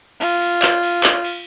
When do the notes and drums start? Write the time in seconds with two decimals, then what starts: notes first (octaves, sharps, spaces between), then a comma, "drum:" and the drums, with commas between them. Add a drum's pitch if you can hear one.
0.21 F4, drum: cymbal
0.41 drum: cymbal
0.62 drum: clap
0.83 drum: cymbal
1.04 drum: clap
1.24 drum: cymbal